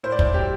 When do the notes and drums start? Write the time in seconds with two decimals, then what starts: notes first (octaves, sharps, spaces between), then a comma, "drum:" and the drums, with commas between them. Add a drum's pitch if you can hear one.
0.03 A2 C5
0.12 D5
0.19 A2 C5, drum: kick
0.34 F#3 G4